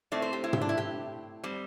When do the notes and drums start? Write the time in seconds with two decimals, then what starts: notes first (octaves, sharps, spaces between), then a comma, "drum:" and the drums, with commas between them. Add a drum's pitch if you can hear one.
0.12 A2 A3 C4 D5
0.22 C5
0.33 G4
0.44 E4
0.53 G4, drum: tom
0.61 D4
0.69 E4
0.78 G4
1.44 G3 C4